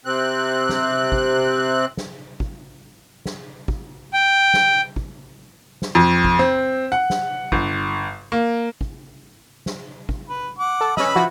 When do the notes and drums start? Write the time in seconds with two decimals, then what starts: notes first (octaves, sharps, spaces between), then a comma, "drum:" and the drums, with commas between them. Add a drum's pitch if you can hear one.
0.05 C3 C4 F#6
0.69 drum: snare
1.12 drum: kick
1.97 drum: snare
2.40 drum: kick
3.26 drum: snare
3.68 drum: kick
4.13 G5
4.54 drum: snare
4.96 drum: kick
5.82 drum: snare
5.95 F2
6.24 drum: kick
6.39 C4
6.92 F#5
7.10 drum: snare
7.52 G1, drum: kick
8.32 A#3
8.81 drum: kick
9.66 drum: snare
10.09 drum: kick
10.30 B4
10.59 F#5 D6
10.81 A4
10.97 C#4 B4 D#5 B5 E6, drum: snare
11.16 F3 E4 F#4